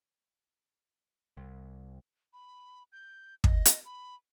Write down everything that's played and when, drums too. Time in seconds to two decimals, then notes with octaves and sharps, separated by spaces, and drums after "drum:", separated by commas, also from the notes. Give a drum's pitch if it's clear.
1.37 C2
2.33 B5
2.92 G6
3.44 D#5, drum: kick
3.65 drum: hi-hat
3.85 B5